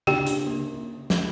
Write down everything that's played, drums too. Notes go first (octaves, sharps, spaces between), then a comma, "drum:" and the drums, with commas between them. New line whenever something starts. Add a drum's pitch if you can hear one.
D4 G4 G5, drum: tom C#3
D4, drum: hi-hat
A#3
drum: snare